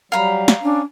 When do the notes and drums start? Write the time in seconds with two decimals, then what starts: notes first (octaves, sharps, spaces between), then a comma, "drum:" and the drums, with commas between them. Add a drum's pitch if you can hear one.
0.12 F#3 G3 F5 A#5 B5
0.48 drum: snare
0.62 C#4 D4